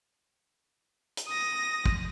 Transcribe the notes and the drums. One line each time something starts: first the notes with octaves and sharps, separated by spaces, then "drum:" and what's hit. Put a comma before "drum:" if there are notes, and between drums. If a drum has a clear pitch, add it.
drum: hi-hat
D#6 A#6
drum: kick